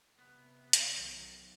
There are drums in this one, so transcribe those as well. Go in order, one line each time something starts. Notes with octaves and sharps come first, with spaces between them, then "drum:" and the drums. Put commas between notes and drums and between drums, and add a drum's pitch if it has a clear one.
C3 B3
drum: hi-hat
B1 D#3 F#3